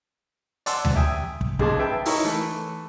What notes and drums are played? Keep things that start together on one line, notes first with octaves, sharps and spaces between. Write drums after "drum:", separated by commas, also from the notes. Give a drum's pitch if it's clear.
D5 F#5 G#5 A5 C6 E6, drum: hi-hat
drum: tom D2
E5 G5 G#5 D#6
drum: kick
D#2 C#3 G#4 A5 C6 D6, drum: kick
B4 E5 G5 A5
D#4 E4 A#4 C#5 D#5 C#6, drum: open hi-hat
E3 A3 A4